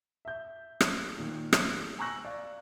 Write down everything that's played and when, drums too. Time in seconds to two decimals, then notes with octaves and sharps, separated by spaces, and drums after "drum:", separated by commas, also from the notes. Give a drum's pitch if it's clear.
0.25 E5 G6
0.81 drum: rim click
1.16 A#2 D#3
1.53 drum: rim click
1.98 G#5 A#5 C#6 E6 F#6 A#6
2.25 D5 F5